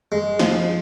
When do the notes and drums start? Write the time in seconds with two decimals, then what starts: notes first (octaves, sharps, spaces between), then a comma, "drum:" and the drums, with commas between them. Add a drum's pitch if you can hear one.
0.12 G#3
0.39 F3, drum: snare